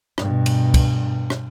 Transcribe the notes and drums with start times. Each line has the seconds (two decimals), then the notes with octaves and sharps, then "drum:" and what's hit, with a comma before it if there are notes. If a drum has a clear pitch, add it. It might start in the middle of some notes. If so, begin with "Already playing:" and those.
0.18 G2 B2, drum: rim click
0.46 drum: cymbal
0.74 drum: kick, cymbal
1.30 drum: rim click